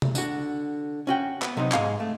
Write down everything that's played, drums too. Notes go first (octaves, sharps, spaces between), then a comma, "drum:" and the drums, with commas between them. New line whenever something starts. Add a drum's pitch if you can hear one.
drum: tom C3
D3 F#4, drum: tambourine
C#4 F#4 G5
B3, drum: clap
C3 F#3 B3 C4 D#4
G#2 G#3 G#4 F5 F#5 C6, drum: clap
A3